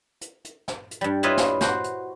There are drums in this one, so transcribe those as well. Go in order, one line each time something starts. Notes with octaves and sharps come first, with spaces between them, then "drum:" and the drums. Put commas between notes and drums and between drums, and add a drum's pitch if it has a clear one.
drum: hi-hat
drum: hi-hat
drum: snare
drum: hi-hat
G2 G3
E4 F4 B4 C#5 D#5 E5
drum: snare
F#4 C5, drum: snare
drum: hi-hat